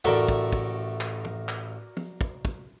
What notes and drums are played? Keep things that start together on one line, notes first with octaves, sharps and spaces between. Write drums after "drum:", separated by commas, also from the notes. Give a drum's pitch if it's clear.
A1 A3 F#4 A#4 D5 E5, drum: tom
drum: kick
drum: kick
drum: clap
drum: tom
drum: clap
drum: tom
drum: kick
drum: kick